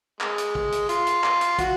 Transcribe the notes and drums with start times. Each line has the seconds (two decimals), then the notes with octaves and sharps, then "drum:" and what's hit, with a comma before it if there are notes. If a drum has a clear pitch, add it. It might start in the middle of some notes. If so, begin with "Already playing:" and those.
0.21 G#3, drum: clap
0.38 drum: hi-hat
0.55 drum: kick
0.72 drum: hi-hat
0.89 F4, drum: hi-hat
1.07 drum: hi-hat
1.24 drum: clap
1.41 drum: hi-hat
1.58 F#4, drum: kick, hi-hat